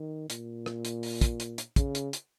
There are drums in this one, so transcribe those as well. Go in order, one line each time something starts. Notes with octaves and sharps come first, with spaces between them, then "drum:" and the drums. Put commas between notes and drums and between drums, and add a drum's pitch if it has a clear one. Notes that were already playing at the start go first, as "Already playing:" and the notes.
Already playing: D#3
A#2, drum: hi-hat
drum: rim click
drum: hi-hat
drum: open hi-hat
drum: kick, hi-hat
drum: hi-hat
drum: hi-hat
C#3, drum: kick, hi-hat
drum: hi-hat
drum: hi-hat